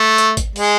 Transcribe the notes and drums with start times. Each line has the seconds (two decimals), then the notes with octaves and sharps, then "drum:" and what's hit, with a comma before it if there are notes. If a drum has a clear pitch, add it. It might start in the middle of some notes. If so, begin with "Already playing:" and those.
Already playing: A3
0.18 drum: hi-hat
0.37 drum: kick, hi-hat
0.56 G#3, drum: open hi-hat